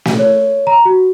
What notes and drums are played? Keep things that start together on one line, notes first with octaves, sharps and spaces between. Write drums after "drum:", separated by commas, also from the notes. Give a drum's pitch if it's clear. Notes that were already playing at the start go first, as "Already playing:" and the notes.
drum: snare
C#5
A#5
F#4